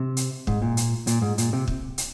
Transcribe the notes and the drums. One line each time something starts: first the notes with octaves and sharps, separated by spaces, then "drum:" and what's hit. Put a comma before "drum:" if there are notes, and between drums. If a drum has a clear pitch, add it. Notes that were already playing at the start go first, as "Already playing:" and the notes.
Already playing: C3
drum: hi-hat
G#2, drum: kick
A#2
drum: hi-hat
A#2, drum: hi-hat
G#2
A#2, drum: hi-hat
C3
drum: kick
drum: hi-hat